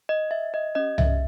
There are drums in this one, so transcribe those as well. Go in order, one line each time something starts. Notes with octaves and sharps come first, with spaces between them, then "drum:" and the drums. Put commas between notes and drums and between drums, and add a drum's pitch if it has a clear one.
D#5
E5
D#5
C#4 G4 D#5
E5, drum: tom C2